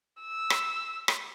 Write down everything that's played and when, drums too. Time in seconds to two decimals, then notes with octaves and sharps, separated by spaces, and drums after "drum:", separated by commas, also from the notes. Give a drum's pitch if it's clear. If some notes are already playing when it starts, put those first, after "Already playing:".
0.21 E6
0.50 drum: rim click
1.08 drum: rim click